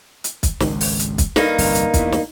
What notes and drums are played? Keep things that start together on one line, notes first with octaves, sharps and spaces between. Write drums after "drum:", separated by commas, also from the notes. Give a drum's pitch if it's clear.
drum: hi-hat
drum: kick, hi-hat
G#1 C#2, drum: snare
drum: open hi-hat
drum: hi-hat
drum: kick, hi-hat
G2 A#3 D#4, drum: snare
G1 C2 F2, drum: open hi-hat
drum: hi-hat
E2 E3, drum: kick, hi-hat
drum: snare